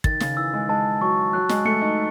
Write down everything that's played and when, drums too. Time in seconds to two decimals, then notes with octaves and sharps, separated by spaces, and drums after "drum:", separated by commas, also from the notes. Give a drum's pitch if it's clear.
0.04 D#3 A6, drum: kick
0.20 C#3, drum: snare
0.37 E3 E6
0.53 G#3
0.69 G#3 A5
1.01 F#3 C#6
1.33 F#3 F#6
1.49 G#3, drum: snare
1.65 A3 C#7
1.82 D#4